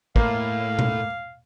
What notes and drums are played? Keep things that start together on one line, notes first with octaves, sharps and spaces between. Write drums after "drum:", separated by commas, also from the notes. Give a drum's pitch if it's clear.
A2 A#3 F5, drum: kick
drum: tom B2